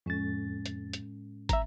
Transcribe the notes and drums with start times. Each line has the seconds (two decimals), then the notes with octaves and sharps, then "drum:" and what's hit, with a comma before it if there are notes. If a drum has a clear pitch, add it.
0.06 F2 A2 G#3 C#4 A6
0.66 drum: hi-hat
0.93 drum: hi-hat
1.49 E5 A#5, drum: kick, hi-hat